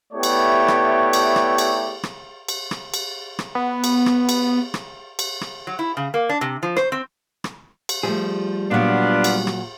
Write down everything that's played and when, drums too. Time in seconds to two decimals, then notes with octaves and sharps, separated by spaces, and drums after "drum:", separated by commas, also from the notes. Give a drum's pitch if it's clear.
0.13 A3 B3 E4 G4 C#5 D5
0.23 drum: cymbal
0.68 drum: rim click
1.13 drum: cymbal
1.36 drum: rim click
1.58 drum: cymbal
2.03 drum: rim click
2.49 drum: cymbal
2.71 drum: rim click
2.94 drum: cymbal
3.39 drum: rim click
3.55 B3
3.84 drum: cymbal
4.06 drum: rim click
4.29 drum: cymbal
4.74 drum: rim click
5.19 drum: cymbal
5.41 drum: rim click
5.67 F#3
5.79 E4
5.97 C#3
6.14 A#3
6.29 D4
6.41 C3
6.63 F3
6.76 C5, drum: rim click
6.92 C4
7.44 drum: rim click
7.89 drum: cymbal
8.03 F3 G3 A3 G#4
8.71 A#2 F#3 B3 D4 F4
9.24 drum: cymbal
9.47 drum: rim click